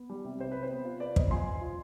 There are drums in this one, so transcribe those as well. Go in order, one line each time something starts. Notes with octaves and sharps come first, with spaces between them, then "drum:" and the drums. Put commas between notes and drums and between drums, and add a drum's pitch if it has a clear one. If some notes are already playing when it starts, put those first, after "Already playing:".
Already playing: B3
G3
C3
C3 C5
C3 B4
C5
B3
F4
F4 B4 D5
B3 C5 D#5, drum: kick
F4 G#5 C6
F4
F4